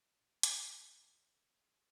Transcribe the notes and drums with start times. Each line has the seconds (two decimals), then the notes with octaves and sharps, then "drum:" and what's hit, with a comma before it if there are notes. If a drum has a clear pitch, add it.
0.12 A#2
0.43 A2 D4, drum: hi-hat
0.80 A#2 D#5
1.13 C#5
1.56 G#4